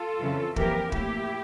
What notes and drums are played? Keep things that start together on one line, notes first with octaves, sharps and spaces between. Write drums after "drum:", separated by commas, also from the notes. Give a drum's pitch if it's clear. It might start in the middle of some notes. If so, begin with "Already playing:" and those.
Already playing: F4 A4
F2 C#3 E3
F2 E3 A#3 G4 A#4, drum: kick
A2 F3 A#3 E4 G4, drum: kick